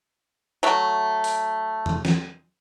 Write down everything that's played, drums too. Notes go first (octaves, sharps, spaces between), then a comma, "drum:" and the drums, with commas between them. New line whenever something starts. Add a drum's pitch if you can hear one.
F#3 A3
drum: open hi-hat
drum: tom E2
drum: snare